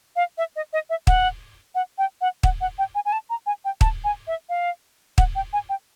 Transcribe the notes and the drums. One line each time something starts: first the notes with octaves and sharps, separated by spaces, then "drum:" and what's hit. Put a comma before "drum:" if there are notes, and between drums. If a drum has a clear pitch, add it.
F5
E5
D#5
D#5
E5
F#5, drum: kick
F#5
G5
F#5
F#5, drum: kick
F#5
G5
G#5
G#5
A5
A#5
G#5
G5
A5, drum: kick
G#5
E5
F5
F#5, drum: kick
G5
G#5
G5